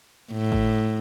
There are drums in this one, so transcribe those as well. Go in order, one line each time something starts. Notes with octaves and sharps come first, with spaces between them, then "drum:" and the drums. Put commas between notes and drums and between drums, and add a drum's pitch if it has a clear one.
A2
drum: kick